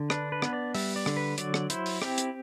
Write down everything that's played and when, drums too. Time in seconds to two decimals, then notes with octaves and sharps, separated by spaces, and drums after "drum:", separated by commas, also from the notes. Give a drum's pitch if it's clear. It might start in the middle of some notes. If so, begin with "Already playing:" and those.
Already playing: D3
0.10 D4 B4, drum: rim click
0.32 B4
0.42 B3, drum: rim click
0.53 D5
0.75 G3 E5, drum: open hi-hat
0.96 D5
1.06 D3, drum: rim click
1.17 B4
1.38 F#3 D5, drum: hi-hat
1.54 drum: rim click
1.70 E4 C5, drum: hi-hat
1.86 drum: open hi-hat
2.02 C4 G4, drum: rim click
2.18 drum: hi-hat